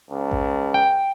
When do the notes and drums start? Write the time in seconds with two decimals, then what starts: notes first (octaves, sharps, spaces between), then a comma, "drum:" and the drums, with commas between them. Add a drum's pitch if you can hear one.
0.10 C#2
0.32 drum: kick A1
0.74 G5